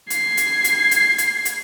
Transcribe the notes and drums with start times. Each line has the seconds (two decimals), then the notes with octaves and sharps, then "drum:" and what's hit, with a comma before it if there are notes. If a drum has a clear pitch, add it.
0.10 G#6 C7, drum: hi-hat
0.37 drum: hi-hat
0.64 drum: hi-hat
0.91 drum: hi-hat
1.18 drum: hi-hat
1.45 drum: hi-hat